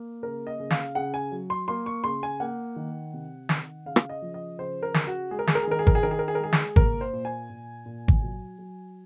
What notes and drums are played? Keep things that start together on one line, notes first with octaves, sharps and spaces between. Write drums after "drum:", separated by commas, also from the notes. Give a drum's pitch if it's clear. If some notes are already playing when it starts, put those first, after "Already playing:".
Already playing: A#3
C#3 A#4
D#5
C#3
F5, drum: snare
C#3 F#5
G#5
F#3
C6
A#3 C6
C#6
C#3 C6
G#5
A#3 F#5
D#3
C3
D#3, drum: snare
C#3 F5
drum: rim click
D#5
F3
D#5
C#3 C5
A#4
C#3, drum: snare
F#4
G#3 G#4
A#4
G#4, drum: snare
A#4
G#4
D#3 A#4
G#4
A#4, drum: kick G#1
G#4
D#3 A#4
G#4
A#4
G#4
A#4
G#3 G#4
drum: snare
A#3 A#4, drum: kick G#1
C5
A#2
G#5
A#2
A#2
drum: kick G#1
F#3
F#3